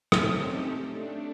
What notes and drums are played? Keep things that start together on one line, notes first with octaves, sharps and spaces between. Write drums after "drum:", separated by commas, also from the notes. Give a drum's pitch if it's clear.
A3 C4 C#4 D#4 G4 A4, drum: rim click
A3 D4